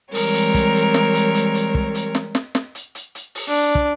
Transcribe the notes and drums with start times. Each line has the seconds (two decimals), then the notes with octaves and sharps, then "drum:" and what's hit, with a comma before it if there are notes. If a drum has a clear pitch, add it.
0.14 E3 G3 G#3 C4 A#4 C#5, drum: open hi-hat
0.34 drum: hi-hat
0.54 drum: kick, hi-hat
0.74 drum: hi-hat
0.94 drum: snare
1.14 drum: hi-hat
1.34 drum: hi-hat
1.54 drum: hi-hat
1.75 drum: kick
1.95 drum: hi-hat
2.15 drum: snare
2.35 drum: snare
2.55 drum: snare
2.75 drum: hi-hat
2.95 drum: hi-hat
3.15 drum: hi-hat
3.35 drum: open hi-hat
3.48 D4
3.75 drum: kick